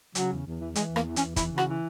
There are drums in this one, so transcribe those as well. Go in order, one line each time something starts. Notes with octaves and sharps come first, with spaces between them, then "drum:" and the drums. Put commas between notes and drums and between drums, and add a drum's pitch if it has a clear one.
C#3 F#3, drum: hi-hat
E2
E2
E3
E3 G#3, drum: hi-hat
E2
A#3, drum: rim click
E3
C#4, drum: hi-hat
E2
E3 E4, drum: kick, hi-hat
C#3
F#4, drum: rim click
E3